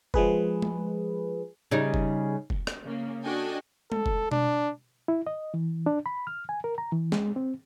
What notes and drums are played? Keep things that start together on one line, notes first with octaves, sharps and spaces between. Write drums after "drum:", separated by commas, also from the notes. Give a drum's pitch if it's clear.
F3 G#3 G#4 B4, drum: kick
drum: tom G#3
C#3 G3 D#4
drum: kick
drum: kick
drum: rim click
C#3 A#3
D4 F#4 A4 D#5 G5 G#5
A4, drum: tom G#3
drum: kick
D4, drum: tom B2
E4
D#5
E3
D4
B5
F6
G#5
A#4
A#5
E3
G#3, drum: snare
C4